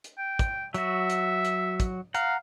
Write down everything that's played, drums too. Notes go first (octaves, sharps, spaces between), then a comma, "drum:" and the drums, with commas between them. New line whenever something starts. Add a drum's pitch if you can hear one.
drum: hi-hat
G5
drum: kick, hi-hat
F#3 F#4 E5, drum: hi-hat
drum: hi-hat
drum: hi-hat
drum: kick, hi-hat
F5 F#5 A#5, drum: hi-hat